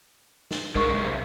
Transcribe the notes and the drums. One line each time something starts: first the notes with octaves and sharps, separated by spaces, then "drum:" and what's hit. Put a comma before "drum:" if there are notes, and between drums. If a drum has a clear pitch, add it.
drum: snare
G2 G#3 A#4 D#5 C#6, drum: kick B1
B1 C3